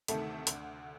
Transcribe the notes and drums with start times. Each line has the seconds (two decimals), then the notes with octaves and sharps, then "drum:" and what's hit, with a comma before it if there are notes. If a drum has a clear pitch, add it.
0.08 D2 C3 D#3 A3 A4, drum: hi-hat
0.47 D2 D3, drum: hi-hat